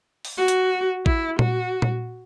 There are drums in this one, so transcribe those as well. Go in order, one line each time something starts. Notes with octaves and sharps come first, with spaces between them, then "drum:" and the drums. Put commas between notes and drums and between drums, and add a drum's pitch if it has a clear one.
drum: open hi-hat
F#4
drum: hi-hat
E4, drum: kick
F#4, drum: tom A#2
drum: tom A#2